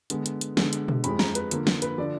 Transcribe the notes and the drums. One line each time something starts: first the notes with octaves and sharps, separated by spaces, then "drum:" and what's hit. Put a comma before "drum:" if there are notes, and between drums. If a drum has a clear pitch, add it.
D3 G#3 B3, drum: hi-hat
drum: hi-hat
drum: hi-hat
D3 G#3 B3, drum: snare
drum: hi-hat
drum: tom B2
F2 F3 G#3 B5, drum: hi-hat
A#5, drum: snare
B4, drum: hi-hat
D3 F3 A#3, drum: hi-hat
drum: snare
B4, drum: hi-hat
D3 F3 D5